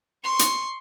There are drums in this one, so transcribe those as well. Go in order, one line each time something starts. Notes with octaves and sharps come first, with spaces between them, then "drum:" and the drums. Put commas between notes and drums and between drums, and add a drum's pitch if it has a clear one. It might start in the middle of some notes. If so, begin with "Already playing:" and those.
C6 C#6
drum: hi-hat